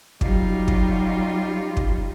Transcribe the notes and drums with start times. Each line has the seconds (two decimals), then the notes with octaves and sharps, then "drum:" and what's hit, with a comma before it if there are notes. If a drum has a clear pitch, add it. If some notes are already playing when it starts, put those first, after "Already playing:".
0.21 F#2 F#3 G3 D#4 F4, drum: kick
0.68 drum: kick
1.77 drum: kick